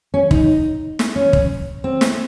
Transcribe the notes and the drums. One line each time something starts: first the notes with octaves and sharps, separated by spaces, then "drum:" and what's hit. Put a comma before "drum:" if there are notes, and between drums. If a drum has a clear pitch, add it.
C#4
D#4, drum: kick
drum: snare
C#4
drum: kick
C4
drum: snare